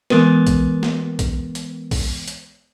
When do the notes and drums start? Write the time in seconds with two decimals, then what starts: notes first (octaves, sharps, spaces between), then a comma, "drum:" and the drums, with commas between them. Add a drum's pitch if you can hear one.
0.10 E3 G#3 B3 A#4 B4, drum: snare
0.47 drum: kick A#1, hi-hat
0.83 drum: snare
1.19 drum: kick A#1, hi-hat
1.55 drum: hi-hat
1.91 drum: kick A#1, open hi-hat
2.28 drum: hi-hat